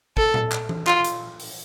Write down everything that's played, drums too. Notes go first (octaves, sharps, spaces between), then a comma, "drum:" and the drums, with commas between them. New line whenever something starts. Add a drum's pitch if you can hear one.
A4, drum: kick
drum: tom A#2
drum: clap
drum: tom E3
F4, drum: clap
drum: hi-hat
drum: open hi-hat